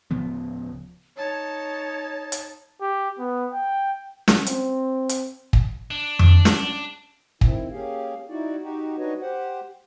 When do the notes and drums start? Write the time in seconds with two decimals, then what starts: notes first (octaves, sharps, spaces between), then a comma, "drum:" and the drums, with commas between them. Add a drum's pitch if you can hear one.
0.11 D1 C#3 F3 B3
1.17 D#4 C#5 A5
2.32 drum: hi-hat
2.81 G4
3.19 B3
3.52 G5
4.28 drum: snare
4.46 C4, drum: hi-hat
5.09 drum: hi-hat
5.53 drum: kick
5.91 D4
6.19 drum: tom F2
6.45 drum: snare
7.41 D#3 C4 E4, drum: kick
7.71 A#3 C#4 G4 G#4 F5
8.29 D#4 E4 F#4 D5
8.62 D#4 F#4 G4
8.98 D4 D#4 F#4 B4 C#5 D#5
9.21 G4 C5 F#5